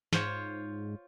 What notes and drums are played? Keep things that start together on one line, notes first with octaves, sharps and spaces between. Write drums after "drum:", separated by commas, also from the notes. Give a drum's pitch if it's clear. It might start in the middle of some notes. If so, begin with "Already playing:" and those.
G#2 F4 C5 C#5, drum: snare